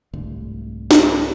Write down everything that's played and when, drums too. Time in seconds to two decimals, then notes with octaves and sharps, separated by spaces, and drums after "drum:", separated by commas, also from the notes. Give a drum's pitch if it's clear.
0.13 C2 G#2 D3 A3
0.91 drum: snare